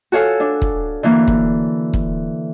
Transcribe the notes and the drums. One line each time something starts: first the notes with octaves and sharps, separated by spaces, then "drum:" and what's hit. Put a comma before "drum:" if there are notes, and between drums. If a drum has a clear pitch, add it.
F#4 A4 C#5 F5 G#5 E6
D4
drum: kick
D3 E3 A#3
drum: kick
drum: kick